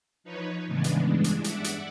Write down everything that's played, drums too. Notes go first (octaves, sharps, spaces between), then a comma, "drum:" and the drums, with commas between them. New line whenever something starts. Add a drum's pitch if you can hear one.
F3 D#4 B4 C#5
A2 C#3 E3 G#3 B3 D4
drum: hi-hat
G2 E3 G#3 D4
drum: hi-hat
D5 E5 F#5, drum: hi-hat
drum: hi-hat